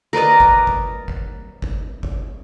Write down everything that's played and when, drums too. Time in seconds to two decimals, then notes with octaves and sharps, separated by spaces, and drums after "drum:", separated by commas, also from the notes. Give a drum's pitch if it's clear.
0.13 A#4 B4 D5 D#5
0.40 drum: kick G1
0.67 drum: kick G1
1.08 drum: kick G1
1.62 drum: kick G1
2.03 drum: kick G1